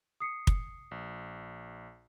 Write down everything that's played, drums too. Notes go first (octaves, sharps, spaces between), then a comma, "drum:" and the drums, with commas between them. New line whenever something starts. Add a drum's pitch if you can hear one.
D#6 C7 C#7
drum: kick
A#1